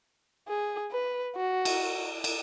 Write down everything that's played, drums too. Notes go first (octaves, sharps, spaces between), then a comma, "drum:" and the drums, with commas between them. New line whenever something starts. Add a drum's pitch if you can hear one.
G#4
B4
F#4
drum: cymbal
drum: cymbal